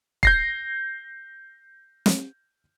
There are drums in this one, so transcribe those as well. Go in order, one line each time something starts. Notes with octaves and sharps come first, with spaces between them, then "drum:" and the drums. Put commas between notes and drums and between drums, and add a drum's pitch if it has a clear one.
G6 A#6 C7, drum: kick
drum: snare